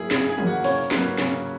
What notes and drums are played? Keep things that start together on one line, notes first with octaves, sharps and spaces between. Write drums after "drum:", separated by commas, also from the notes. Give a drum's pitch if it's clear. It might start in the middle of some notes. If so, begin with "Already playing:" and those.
Already playing: F#3 A#3 E4 G#4
C#3 G#4, drum: snare
G#4
F#3 A#3, drum: tom
F#4
C#3 C#5, drum: cymbal
F#3 A#3 B4, drum: snare
C#3, drum: snare